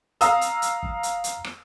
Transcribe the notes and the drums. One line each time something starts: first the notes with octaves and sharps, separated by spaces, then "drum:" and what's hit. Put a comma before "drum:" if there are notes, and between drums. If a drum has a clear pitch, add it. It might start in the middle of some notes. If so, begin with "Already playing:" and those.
F5 A#5 D#6 E6, drum: hi-hat
drum: hi-hat
drum: hi-hat
drum: kick F#1
drum: hi-hat
drum: hi-hat
drum: rim click